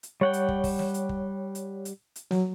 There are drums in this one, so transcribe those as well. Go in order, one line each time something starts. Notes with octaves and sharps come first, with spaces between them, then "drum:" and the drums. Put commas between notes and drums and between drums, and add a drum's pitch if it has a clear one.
drum: hi-hat
G3 C#5 F#5 G5
drum: hi-hat
drum: kick
drum: kick, open hi-hat
drum: snare
drum: hi-hat
drum: kick
drum: hi-hat
drum: hi-hat
drum: hi-hat
F#3, drum: snare